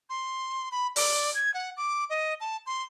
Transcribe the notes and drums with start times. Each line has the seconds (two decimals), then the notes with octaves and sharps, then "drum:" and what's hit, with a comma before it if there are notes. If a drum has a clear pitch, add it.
0.10 C6
0.72 B5
0.96 D5, drum: open hi-hat
1.34 G#6
1.54 F#5
1.77 D6
2.10 D#5
2.40 A5
2.66 C6